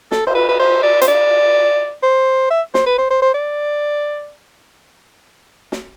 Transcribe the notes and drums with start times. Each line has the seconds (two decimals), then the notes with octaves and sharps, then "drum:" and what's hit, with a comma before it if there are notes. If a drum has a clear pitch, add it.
0.11 A4, drum: snare
0.27 C5, drum: cymbal
0.35 B4
0.49 B4
0.59 C5
0.83 D5
1.01 C5, drum: hi-hat
1.08 D5
2.03 C5
2.50 E5
2.74 C5, drum: snare
2.86 B4
2.98 C5
3.10 C5
3.22 C5
3.34 D5
5.72 drum: snare